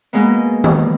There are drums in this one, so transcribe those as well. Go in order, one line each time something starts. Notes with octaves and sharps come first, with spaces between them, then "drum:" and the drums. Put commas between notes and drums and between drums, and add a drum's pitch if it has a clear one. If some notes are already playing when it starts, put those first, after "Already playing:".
B2 G#3 A#3 B3
drum: tom D#3